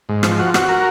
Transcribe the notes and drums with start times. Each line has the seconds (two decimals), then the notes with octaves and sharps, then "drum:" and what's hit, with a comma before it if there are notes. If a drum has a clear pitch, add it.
0.09 G#2
0.23 F3, drum: rim click
0.39 F#4
0.54 F#4, drum: rim click
0.69 A#4